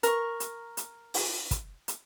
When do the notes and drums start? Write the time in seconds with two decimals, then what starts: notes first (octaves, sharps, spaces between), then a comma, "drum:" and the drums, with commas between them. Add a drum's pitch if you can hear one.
0.03 A#4 C#6, drum: hi-hat
0.40 drum: hi-hat
0.77 drum: hi-hat
1.14 drum: open hi-hat
1.51 drum: kick, hi-hat
1.88 drum: hi-hat